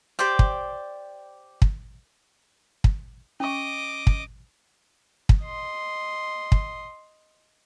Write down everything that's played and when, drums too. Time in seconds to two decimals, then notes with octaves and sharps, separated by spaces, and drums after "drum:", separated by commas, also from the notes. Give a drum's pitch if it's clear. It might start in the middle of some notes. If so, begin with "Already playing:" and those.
0.19 G4 C5 D5 G5
0.39 drum: kick
1.62 drum: kick
2.84 drum: kick
3.40 C#4 D#5 C#6 D6
4.07 drum: kick
5.29 drum: kick
5.42 D#5 C6
6.52 drum: kick